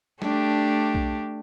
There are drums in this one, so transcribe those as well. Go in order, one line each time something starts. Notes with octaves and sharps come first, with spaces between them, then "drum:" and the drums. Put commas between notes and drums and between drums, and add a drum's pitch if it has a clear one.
A3 D4 G4, drum: snare
drum: kick B1